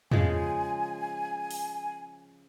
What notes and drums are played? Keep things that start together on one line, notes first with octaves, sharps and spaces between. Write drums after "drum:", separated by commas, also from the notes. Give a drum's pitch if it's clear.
C#3 F3 G#3 G#5, drum: tom
drum: open hi-hat